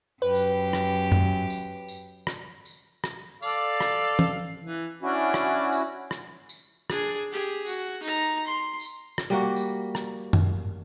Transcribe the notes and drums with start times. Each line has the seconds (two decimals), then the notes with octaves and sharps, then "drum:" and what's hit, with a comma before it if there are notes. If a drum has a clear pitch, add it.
0.22 F#2 G4 B4
0.35 drum: tambourine
0.73 drum: rim click
1.12 drum: tom F#2
1.50 drum: tambourine
1.89 drum: tambourine
2.27 drum: rim click
2.65 drum: tambourine
3.04 drum: rim click
3.43 A4 D5 F5, drum: tambourine
3.80 drum: rim click
4.19 drum: tom
4.63 E3
5.02 C#4 D4 E4 F#4
5.34 drum: rim click
5.72 drum: tambourine
6.11 drum: rim click
6.49 drum: tambourine
6.90 D4 G#4, drum: rim click
7.32 G4 G#4
7.66 F#4, drum: tambourine
8.03 D#4 A#5, drum: tambourine
8.47 C6
8.80 drum: tambourine
9.18 drum: rim click
9.30 G3 A#3 F#4
9.56 drum: tambourine
9.95 drum: rim click
10.33 drum: tom F#2